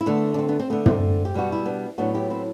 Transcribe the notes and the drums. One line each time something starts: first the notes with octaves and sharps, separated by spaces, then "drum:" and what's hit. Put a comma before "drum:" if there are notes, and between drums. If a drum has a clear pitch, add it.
E4
D3 A3 B3 D4
D4
C4
B3 D4
C4
D3 A3 B3
C4, drum: tom
G4
B2 G3 B3 F#4
E4
B3 D4
A2 F#3 B3 D4 F#4
E4 G4
C4 E4